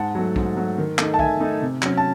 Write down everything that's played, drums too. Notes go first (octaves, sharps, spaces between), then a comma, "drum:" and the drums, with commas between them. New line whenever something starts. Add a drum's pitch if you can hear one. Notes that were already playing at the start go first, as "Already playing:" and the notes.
Already playing: G#2 F#5 A5
F#3 A3
G#2, drum: kick B1
F#3 A3
D#3
A3 D#4, drum: clap
A5
D#3 E5 G#5, drum: kick B1
A3 D#4
C3
F#3 C#4, drum: clap
A5